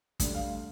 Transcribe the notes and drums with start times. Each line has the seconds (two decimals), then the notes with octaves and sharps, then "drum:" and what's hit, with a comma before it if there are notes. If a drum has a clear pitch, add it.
0.20 D2 D3 G3, drum: kick, hi-hat
0.34 F5